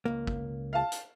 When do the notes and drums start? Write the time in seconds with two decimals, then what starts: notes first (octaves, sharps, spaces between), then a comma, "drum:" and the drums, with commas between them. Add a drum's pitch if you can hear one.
0.05 C#2 A#3
0.27 drum: kick
0.73 F5 A5
0.92 drum: hi-hat